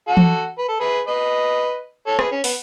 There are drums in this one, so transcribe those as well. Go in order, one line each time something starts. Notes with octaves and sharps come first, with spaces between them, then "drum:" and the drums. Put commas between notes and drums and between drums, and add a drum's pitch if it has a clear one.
F#4 A4
drum: tom E3
B4
A4
G#4 B4
B4 D#5
A4 C#5
G#4 B4, drum: rim click
C#4
B3, drum: open hi-hat